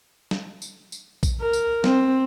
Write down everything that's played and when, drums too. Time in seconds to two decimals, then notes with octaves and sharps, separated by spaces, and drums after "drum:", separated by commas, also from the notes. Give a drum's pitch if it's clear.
0.31 drum: snare
0.62 drum: tambourine
0.92 drum: tambourine
1.23 drum: kick A#1, tambourine
1.41 A#4
1.53 drum: tambourine
1.84 C4, drum: snare